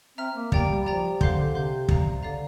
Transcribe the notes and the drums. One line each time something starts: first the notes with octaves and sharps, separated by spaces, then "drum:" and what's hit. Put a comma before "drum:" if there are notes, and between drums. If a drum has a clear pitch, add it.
C4 E5 A#5 F6
A#3
A#3 G4 D5 G5 A#5, drum: kick
G3
F3 G4 D5 G5 A#5
D3 C5 F5 C6 G6, drum: kick
D3
C3 C5 F5 C6 G6
D5 F5 A#5, drum: kick
D3 D5 F5 A#5